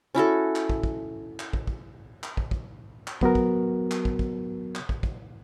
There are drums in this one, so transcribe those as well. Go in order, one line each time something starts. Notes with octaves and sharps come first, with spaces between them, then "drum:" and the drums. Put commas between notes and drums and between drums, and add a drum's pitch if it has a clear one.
C#4 E4 F#4 A4
drum: clap
drum: kick
drum: kick
drum: clap
drum: kick
drum: kick
drum: clap
drum: kick
drum: kick
drum: clap
F#3 B3 F#4 A#4, drum: kick
drum: kick
drum: clap
drum: kick
drum: kick
drum: clap
drum: kick
drum: kick